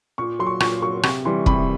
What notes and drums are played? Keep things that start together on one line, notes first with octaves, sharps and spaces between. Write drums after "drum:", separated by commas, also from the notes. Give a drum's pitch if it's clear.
A#2 C#6
F#3 C6
C#6
A#2 C#6, drum: rim click
F#3 C#6
C3 C#6, drum: rim click
E3 G3 C6
C3 B5, drum: kick